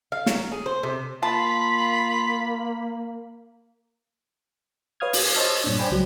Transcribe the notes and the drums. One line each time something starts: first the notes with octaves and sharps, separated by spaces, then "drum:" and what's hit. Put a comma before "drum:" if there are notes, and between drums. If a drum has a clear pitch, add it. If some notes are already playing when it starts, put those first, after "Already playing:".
F5
F#3, drum: snare
G#4
C5
C3
A#3 F4 A5 B5
B4 C#5 F5 D#6 F6 G#6
G#6, drum: open hi-hat
C5 C#5 D#5 A5 E6 F6
G2 A#2 D4
C5 D5 G5 G#5 B5
C#2 F#3